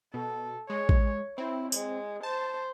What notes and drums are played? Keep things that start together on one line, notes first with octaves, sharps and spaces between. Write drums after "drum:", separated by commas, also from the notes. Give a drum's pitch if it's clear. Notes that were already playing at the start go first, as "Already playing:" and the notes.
B2 A4
G#3 C#5
drum: kick A1
C4 E4
G#3, drum: tambourine
C5 A5